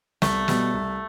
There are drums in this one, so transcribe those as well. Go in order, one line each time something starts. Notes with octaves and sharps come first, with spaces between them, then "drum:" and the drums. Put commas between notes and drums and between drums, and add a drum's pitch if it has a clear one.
C2 A3, drum: snare
B2 G3 B3, drum: snare
C2